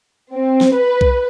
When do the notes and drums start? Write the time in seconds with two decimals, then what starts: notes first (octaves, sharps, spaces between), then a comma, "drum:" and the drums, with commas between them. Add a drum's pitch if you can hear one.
0.33 C4
0.61 drum: snare
0.74 B4
1.01 drum: kick B1